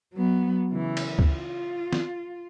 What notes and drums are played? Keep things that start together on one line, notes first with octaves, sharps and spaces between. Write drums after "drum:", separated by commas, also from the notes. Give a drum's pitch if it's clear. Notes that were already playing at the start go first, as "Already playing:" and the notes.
F#3 B3
C#3 E3
drum: cymbal
drum: kick
F4
drum: snare